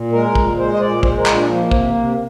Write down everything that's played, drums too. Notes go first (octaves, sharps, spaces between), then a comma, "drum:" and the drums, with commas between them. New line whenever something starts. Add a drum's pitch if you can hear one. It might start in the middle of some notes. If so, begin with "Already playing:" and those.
Already playing: A#2
G#3 A#4
A#2, drum: kick
G#3 C5
D#5
A#2 D5
G#3 C5, drum: kick
A#4
A#2, drum: clap
D4
F3 A#3
C3, drum: kick
C3